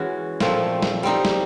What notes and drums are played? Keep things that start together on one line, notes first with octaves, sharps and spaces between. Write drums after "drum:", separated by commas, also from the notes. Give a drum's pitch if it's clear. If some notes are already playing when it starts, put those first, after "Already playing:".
Already playing: E3 G#3 C#4 F#4
A#2 F3 A3 C4, drum: snare
drum: snare
G3 C4 D#4
drum: snare